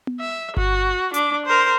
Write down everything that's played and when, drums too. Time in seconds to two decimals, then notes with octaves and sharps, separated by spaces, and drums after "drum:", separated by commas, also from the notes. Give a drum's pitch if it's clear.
0.07 drum: tom B3
0.20 E5
0.57 F#4, drum: kick G1
1.14 D4 D6, drum: hi-hat
1.46 A#4 C5